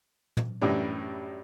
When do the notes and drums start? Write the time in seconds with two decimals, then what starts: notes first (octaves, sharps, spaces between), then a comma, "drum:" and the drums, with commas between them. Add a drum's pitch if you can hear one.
0.37 drum: tom
0.61 F#2 A2 E3 G3 D4